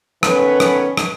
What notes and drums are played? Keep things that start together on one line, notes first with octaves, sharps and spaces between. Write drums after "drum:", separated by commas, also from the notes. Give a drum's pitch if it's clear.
D#3 B3 C#4 A4 B4, drum: rim click
drum: rim click
drum: rim click